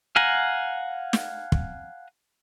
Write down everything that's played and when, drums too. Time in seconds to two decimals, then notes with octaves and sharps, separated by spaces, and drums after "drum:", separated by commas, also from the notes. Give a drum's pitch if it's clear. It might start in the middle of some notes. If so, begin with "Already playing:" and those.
0.16 F5 F#5 G#5 A#5
1.13 drum: snare
1.52 drum: kick